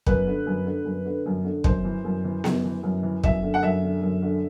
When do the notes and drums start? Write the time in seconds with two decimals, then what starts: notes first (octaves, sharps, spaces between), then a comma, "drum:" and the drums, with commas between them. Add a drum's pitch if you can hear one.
0.06 F#2 B4, drum: kick
0.27 D3
0.46 F#2
0.66 D3
0.85 F#2
1.06 D3
1.26 F#2
1.44 D3
1.64 F#2 C5, drum: kick
1.84 E3
2.05 F#2
2.24 E3
2.44 F#2, drum: snare B3
2.64 E3
2.83 F#2
3.03 E3
3.23 F#2 E5, drum: kick
3.43 D3
3.54 F#5
3.63 F#2 E5
3.83 D3
4.02 F#2
4.22 D3